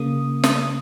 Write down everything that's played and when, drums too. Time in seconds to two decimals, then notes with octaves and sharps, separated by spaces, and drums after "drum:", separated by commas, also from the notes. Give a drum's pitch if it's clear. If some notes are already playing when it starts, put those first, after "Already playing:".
Already playing: C#3 A#3 D#6
0.44 D#6, drum: snare